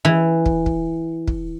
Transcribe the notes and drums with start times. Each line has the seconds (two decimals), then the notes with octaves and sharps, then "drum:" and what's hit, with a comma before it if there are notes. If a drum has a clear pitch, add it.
0.05 E3
0.46 drum: kick
0.66 drum: kick
1.28 drum: kick